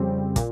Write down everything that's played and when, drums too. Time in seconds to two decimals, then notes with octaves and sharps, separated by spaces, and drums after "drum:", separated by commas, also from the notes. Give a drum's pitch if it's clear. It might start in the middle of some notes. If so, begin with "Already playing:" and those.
Already playing: F2 C#3 G3 C4
0.36 A#2, drum: kick, hi-hat